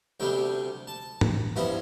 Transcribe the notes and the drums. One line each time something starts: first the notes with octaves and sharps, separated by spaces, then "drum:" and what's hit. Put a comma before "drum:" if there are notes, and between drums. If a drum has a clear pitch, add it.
D2 C3 G3 B3 D4 G5
A5
drum: tom G#2
G2 F3 B3 E4 B5